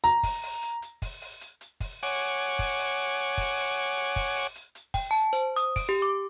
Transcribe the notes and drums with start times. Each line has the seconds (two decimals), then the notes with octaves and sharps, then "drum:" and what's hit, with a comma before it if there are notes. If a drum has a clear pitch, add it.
0.04 A#5, drum: hi-hat
0.23 drum: kick, open hi-hat
0.43 drum: open hi-hat
0.63 drum: hi-hat
0.82 drum: hi-hat
1.02 drum: kick, open hi-hat
1.22 drum: open hi-hat
1.41 drum: hi-hat
1.61 drum: hi-hat
1.80 drum: kick, open hi-hat
2.03 C#5 F#5 G#5 D6, drum: open hi-hat
2.20 drum: hi-hat
2.59 drum: kick, open hi-hat
2.79 drum: open hi-hat
2.98 drum: hi-hat
3.18 drum: hi-hat
3.38 drum: kick, open hi-hat
3.57 drum: open hi-hat
3.77 drum: hi-hat
3.96 drum: hi-hat
4.16 drum: kick, open hi-hat
4.36 drum: open hi-hat
4.55 drum: hi-hat
4.75 drum: hi-hat
4.94 G5, drum: kick, open hi-hat
5.11 A5
5.33 C5, drum: hi-hat
5.56 D#6, drum: hi-hat
5.76 D7, drum: kick, open hi-hat
5.89 G4
6.02 D6